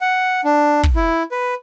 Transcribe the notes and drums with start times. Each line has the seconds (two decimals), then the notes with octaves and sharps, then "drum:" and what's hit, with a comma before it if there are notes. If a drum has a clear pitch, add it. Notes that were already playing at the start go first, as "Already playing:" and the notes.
0.01 F#5
0.44 D4
0.84 drum: kick
0.96 E4
1.31 B4